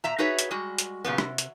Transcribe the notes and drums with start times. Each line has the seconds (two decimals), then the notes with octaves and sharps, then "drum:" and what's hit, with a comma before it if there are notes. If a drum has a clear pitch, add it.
0.04 A#2 E5 A#5
0.18 D#4 F#4 G#4 B4 C#5 E5
0.39 drum: hi-hat
0.51 G3 G#3 F#4
0.78 drum: hi-hat
1.05 A#2 C#3 F#3 B3
1.18 C3, drum: rim click
1.38 drum: hi-hat